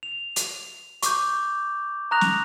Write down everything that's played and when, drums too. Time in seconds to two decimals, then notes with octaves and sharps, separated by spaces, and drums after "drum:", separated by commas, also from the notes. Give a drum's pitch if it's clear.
0.03 F7
0.36 drum: hi-hat
1.03 C#6 D6 G6, drum: hi-hat
2.11 A#5 C#6 D#6 F#6 A#6 F7
2.21 drum: snare